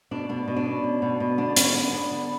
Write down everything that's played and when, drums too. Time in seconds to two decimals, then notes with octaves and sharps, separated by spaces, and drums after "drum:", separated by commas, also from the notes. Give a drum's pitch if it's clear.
0.11 B2 D4
0.29 B2 D4
0.48 B2
0.57 D4
0.65 C#4
0.84 B2
1.02 B2
1.20 B2
1.38 D3 D4
1.56 D3 C#4, drum: hi-hat
1.74 B3 D4
1.93 B3
2.11 D3